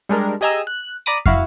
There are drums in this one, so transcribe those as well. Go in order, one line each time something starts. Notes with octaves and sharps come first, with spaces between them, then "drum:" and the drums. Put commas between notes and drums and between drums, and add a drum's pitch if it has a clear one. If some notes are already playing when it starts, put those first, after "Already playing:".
G3 G#3 D4 A#4
G4 G#4 D#5 G#5 A#5 E6
F#6
D5 A#5 B5 D6 D#6
E4 F#4 F5, drum: kick